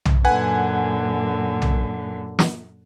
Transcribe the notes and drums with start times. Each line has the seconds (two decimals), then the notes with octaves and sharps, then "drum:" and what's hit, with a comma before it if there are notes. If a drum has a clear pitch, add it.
0.05 drum: tom B1
0.25 F#2 A#2 D3 B4 F#5 G#5
1.62 drum: tom B1
2.39 drum: snare